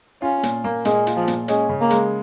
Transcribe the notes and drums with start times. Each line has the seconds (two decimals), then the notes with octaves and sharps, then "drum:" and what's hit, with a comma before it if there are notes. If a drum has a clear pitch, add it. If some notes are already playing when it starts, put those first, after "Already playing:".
0.22 C#4 F4
0.43 A#2, drum: hi-hat
0.64 A#3
0.85 A#2 G#3, drum: hi-hat
1.07 F4, drum: hi-hat
1.17 F3
1.28 A#2, drum: hi-hat
1.48 G#3 C#4, drum: hi-hat
1.69 C#3
1.81 A#3
1.90 G#3, drum: hi-hat